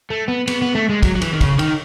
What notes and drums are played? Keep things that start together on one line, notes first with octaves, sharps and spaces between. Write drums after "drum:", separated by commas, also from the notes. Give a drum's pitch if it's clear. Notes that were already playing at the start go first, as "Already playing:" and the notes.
A3
B3
B3, drum: cymbal
B3
A3
G#3
F#3, drum: kick, cymbal
F#3
E3, drum: cymbal
D#3
C#3, drum: kick, cymbal
D#3, drum: cymbal